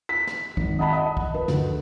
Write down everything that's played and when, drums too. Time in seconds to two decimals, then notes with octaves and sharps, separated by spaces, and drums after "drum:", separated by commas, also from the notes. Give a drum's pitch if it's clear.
0.09 B6
0.27 drum: snare
0.57 G#1, drum: kick
0.79 D#5 F#5 A5 B5
0.93 D#5 F#5
1.17 drum: kick
1.34 B4
1.48 D2, drum: snare